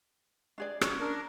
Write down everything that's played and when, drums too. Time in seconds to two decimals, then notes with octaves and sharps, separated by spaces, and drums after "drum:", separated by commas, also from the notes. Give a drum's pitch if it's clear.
0.58 D4 G#4 D5
0.81 C#4, drum: rim click
1.00 D4 A#4